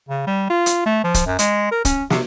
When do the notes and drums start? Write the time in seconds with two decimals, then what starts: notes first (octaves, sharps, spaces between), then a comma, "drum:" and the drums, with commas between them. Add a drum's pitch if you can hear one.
0.09 C#3
0.27 G3
0.50 F4
0.66 drum: hi-hat
0.86 A3
1.04 F3
1.14 drum: kick, hi-hat
1.26 F#2
1.39 G#3, drum: hi-hat
1.71 A#4
1.85 C#4, drum: kick, hi-hat
2.10 C3, drum: snare